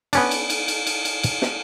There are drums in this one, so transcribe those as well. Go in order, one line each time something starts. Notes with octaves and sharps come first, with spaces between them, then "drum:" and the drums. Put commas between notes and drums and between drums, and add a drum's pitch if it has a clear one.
B3 C#4 D4, drum: cymbal
drum: cymbal
drum: cymbal
drum: cymbal
drum: cymbal
drum: cymbal
drum: cymbal
drum: snare